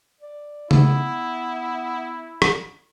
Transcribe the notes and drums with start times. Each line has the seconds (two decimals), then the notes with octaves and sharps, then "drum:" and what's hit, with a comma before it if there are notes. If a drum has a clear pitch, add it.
0.21 D5
0.71 B3 E4, drum: tom C#3
2.42 drum: rim click